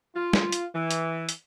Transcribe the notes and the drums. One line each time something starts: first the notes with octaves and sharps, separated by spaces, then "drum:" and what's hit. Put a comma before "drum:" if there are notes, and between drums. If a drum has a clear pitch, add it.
F4
drum: snare
drum: hi-hat
E3
drum: hi-hat
drum: hi-hat